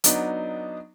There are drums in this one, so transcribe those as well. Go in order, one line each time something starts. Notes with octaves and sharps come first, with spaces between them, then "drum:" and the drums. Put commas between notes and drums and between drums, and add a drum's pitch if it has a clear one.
F#3 B3 D4 D#4, drum: hi-hat